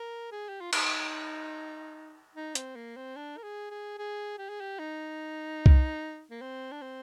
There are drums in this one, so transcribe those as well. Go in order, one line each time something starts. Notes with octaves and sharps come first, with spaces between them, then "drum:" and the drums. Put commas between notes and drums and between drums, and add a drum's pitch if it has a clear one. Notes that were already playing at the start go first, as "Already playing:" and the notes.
Already playing: A#4
G#4
G4
F4
D#4, drum: cymbal
D#4
C4, drum: hi-hat
A#3
C4
D4
A#4
G#4
G#4
G#4
G4
G#4
G4
D#4
drum: kick C2
A#3
C4
D4
C4